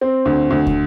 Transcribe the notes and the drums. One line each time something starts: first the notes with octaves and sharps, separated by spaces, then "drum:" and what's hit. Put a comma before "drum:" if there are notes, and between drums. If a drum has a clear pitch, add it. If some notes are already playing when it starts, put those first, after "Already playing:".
C4
D2
D2
drum: kick